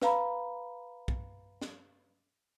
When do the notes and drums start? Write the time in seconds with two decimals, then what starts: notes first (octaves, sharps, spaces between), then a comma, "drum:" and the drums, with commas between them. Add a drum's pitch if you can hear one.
0.02 B4 F5 A#5 B5, drum: snare
1.08 drum: kick B1
1.61 drum: snare